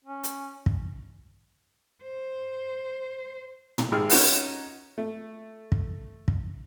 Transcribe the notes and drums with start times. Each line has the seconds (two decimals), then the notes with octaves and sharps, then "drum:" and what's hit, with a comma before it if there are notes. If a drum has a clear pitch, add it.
0.05 C#4
0.24 drum: hi-hat
0.66 drum: kick
2.03 C5
3.78 drum: tom
3.92 G#1 G#3 G4 G#4 E6 F6
4.10 C#4 D#4 F#4 F#5, drum: open hi-hat
4.98 A3
5.72 drum: kick
6.28 drum: kick